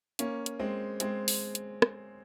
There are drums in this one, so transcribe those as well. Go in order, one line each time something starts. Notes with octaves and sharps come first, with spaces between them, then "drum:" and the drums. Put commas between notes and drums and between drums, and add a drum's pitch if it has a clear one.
A#3 C#4, drum: hi-hat
drum: hi-hat
G#3 C4
G#3 C4, drum: hi-hat
drum: open hi-hat
drum: hi-hat
drum: rim click